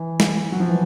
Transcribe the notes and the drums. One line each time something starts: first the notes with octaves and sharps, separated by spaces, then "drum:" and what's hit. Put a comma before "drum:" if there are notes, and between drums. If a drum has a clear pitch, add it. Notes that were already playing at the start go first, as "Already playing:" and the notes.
Already playing: E3
drum: snare
F#3
F3
E3